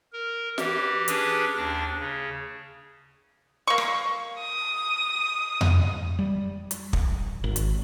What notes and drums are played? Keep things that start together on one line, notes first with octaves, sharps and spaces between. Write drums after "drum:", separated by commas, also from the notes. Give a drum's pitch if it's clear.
A#4
E3 G4, drum: snare
C#4 D4 G4 G#4 B4, drum: hi-hat
D#2 D4 A#6
C#3
A#3 C#6
drum: rim click
D#6
drum: tom F2
G3
drum: hi-hat
drum: kick
G#1
drum: hi-hat